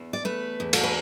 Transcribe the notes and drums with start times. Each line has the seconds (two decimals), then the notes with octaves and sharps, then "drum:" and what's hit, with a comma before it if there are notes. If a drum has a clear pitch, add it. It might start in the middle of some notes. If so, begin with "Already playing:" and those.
Already playing: E2
0.13 D5
0.25 A3 B4
0.60 E2
0.73 A4, drum: cymbal
0.83 B4